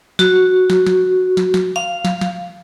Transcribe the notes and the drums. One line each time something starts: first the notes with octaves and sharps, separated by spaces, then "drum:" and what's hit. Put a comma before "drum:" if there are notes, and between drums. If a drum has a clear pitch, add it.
F#4, drum: snare
drum: snare
drum: snare
drum: snare
drum: snare
F5
drum: snare
drum: snare